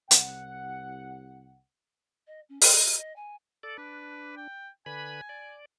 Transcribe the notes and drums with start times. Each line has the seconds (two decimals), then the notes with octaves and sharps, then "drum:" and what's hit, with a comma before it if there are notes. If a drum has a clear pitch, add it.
0.11 C2 F#5, drum: hi-hat
2.27 D#5
2.49 C#4
2.62 G5, drum: open hi-hat
2.74 D#5
2.97 D#5
3.16 G#5
3.63 A4 D5
3.78 D4 B4
4.37 G5
4.86 D3 B4 G#5 B5
5.29 D5